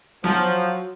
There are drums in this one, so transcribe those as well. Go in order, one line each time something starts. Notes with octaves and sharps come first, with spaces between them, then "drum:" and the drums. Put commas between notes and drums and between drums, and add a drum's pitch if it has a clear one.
F3 F#3, drum: snare